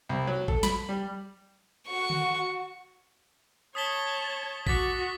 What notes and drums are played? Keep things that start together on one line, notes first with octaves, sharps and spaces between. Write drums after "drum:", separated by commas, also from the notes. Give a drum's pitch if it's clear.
C2
F#3
A4, drum: kick G#1
B5, drum: snare
G3
F#4 C#6
drum: tom D3
C#5 A5 D#6 B6 G7
F#4 D6 A6 B6, drum: kick G#1